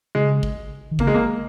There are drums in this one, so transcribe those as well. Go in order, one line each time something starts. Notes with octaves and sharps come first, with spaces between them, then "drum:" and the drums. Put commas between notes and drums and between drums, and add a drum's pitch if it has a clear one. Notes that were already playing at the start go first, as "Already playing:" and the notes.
C#3 G#3
drum: kick G#1
D#3
C#3 A#3, drum: kick G#1
G#3
A#3